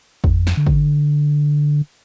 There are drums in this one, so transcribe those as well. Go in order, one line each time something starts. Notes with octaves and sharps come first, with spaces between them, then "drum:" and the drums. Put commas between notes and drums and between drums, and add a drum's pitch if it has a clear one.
F2, drum: kick G#1
drum: snare
D3
drum: kick G#1